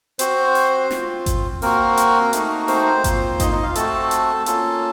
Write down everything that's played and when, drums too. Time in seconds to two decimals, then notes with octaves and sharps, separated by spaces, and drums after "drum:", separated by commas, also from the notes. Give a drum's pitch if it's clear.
0.19 C4 F#4 C5, drum: hi-hat
0.55 drum: open hi-hat
0.91 C4 F4, drum: snare
1.26 drum: kick G#1, hi-hat
1.62 A#3 C4 F#4 A#4, drum: open hi-hat
1.97 drum: hi-hat
2.33 A3 D#4 F#4, drum: hi-hat
2.68 C4 C5, drum: open hi-hat
3.04 A#3 F4, drum: kick G#1, hi-hat
3.40 D#4 D#5, drum: kick G#1, hi-hat
3.52 D#4 D#5
3.63 F4 F5
3.75 A3 C4 F#4 A4 A5, drum: hi-hat
4.11 drum: hi-hat
4.46 A#3 C#4 F4 A4 A5, drum: hi-hat